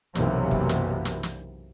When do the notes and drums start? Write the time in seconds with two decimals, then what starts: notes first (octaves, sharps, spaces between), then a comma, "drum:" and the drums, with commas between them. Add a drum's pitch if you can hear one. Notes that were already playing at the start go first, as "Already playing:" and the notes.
0.15 B1 F#2 C3 E3 A#3, drum: snare
0.51 drum: kick
0.69 drum: snare
1.05 drum: snare
1.23 drum: snare